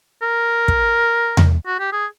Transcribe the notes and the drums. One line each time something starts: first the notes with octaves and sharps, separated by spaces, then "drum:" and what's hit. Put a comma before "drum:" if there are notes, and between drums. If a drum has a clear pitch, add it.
A#4
drum: kick
drum: tom E2
F#4
G4
G#4